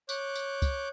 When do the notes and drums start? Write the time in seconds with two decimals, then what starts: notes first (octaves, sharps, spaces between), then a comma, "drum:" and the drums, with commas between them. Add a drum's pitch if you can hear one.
0.09 C#5 D6 F#6 G6, drum: tambourine
0.35 drum: tambourine
0.62 drum: kick, tambourine